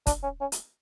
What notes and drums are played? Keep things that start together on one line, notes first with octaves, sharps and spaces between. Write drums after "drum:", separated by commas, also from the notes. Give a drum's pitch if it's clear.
D4, drum: kick, hi-hat
C#4
C#4
drum: hi-hat